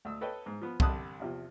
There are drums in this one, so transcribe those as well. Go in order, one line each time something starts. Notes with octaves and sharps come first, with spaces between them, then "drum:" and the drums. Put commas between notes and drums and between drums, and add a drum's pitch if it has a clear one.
D2 E6
A4 B4 C#5 D#5 G5
G#2
F3 B3
C2 D3 G3 A5 D#6 F#6, drum: kick C2
E2 C3 F3